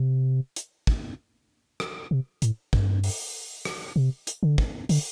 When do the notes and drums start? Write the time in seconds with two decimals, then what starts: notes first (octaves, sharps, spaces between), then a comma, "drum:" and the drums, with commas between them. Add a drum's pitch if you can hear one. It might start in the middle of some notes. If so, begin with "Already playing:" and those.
Already playing: C3
0.56 drum: hi-hat
0.87 drum: kick
1.80 drum: rim click
2.11 C3
2.42 A2, drum: hi-hat
2.73 G2, drum: kick
3.04 drum: open hi-hat
3.65 drum: rim click
3.96 C3
4.27 drum: hi-hat
4.43 D3
4.58 drum: kick
4.89 D3, drum: open hi-hat